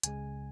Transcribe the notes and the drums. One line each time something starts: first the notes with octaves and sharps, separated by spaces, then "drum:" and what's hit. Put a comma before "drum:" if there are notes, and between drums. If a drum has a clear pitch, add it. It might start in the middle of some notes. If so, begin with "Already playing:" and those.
C#2 C#3 G#3 G#5, drum: hi-hat